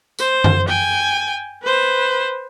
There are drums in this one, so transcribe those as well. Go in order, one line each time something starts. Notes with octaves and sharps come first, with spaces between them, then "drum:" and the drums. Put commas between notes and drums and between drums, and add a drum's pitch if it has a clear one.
C5, drum: tambourine
drum: tom F#2
G5 G#5
B4 C5